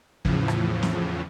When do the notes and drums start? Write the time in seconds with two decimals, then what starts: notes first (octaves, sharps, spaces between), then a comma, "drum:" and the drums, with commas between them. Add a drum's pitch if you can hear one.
0.25 E2 A2 C#3 E3 F3, drum: kick
0.48 drum: rim click
0.83 drum: snare